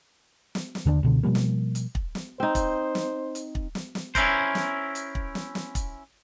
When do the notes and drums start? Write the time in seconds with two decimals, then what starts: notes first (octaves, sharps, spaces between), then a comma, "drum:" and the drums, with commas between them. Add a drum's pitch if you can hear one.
0.55 drum: snare
0.75 drum: snare
0.86 D#2 D3 A#3 D4
1.03 C#2 B2 D3
1.23 B2 F3 G3 A#3
1.35 drum: snare
1.75 drum: hi-hat
1.95 drum: kick
2.15 drum: snare
2.40 C4 D#4 C5
2.55 drum: kick, hi-hat
2.95 drum: snare
3.35 drum: hi-hat
3.55 drum: kick
3.75 drum: snare
3.95 drum: snare
4.15 C#4 E4 A#4 C5, drum: kick, hi-hat
4.55 drum: snare
4.95 drum: hi-hat
5.15 drum: kick
5.35 drum: snare
5.55 drum: snare
5.75 drum: kick, hi-hat